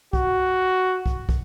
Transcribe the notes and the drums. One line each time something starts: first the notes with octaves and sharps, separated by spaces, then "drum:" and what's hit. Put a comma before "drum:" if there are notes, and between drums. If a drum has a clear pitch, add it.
F#4, drum: kick
drum: kick
drum: kick